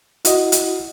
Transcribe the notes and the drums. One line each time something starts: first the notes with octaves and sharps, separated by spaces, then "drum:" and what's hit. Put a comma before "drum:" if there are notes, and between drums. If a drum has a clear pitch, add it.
E4 F#4 D#5, drum: hi-hat
drum: hi-hat